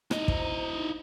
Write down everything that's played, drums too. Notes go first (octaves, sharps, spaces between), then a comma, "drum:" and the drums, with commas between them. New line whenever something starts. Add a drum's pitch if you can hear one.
D#4 E4 D#5, drum: rim click
C5 A#5, drum: kick
D#4